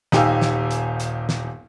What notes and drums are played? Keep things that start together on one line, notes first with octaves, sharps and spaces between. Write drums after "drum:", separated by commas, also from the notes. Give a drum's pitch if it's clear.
D#1 D#4 G4 F5 G#5 E6, drum: snare
drum: snare
drum: hi-hat
drum: hi-hat
drum: snare